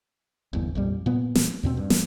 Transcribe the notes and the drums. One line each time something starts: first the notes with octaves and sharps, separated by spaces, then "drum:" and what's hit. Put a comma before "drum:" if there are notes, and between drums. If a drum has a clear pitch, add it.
G1 E2
A#1 F2 G3
A#2 B3
drum: snare
E2 B2 C4
G2
drum: snare